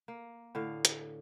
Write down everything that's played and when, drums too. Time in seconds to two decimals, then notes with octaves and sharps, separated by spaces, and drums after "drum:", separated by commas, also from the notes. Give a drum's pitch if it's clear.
0.08 A#3
0.55 A2 D3 F5
0.85 drum: hi-hat